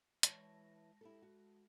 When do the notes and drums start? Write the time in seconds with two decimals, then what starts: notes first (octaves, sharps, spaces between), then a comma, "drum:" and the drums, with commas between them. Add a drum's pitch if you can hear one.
0.23 E3 G#3 C#5 A5 A#6, drum: hi-hat
1.01 E4 G4 A4
1.22 F#4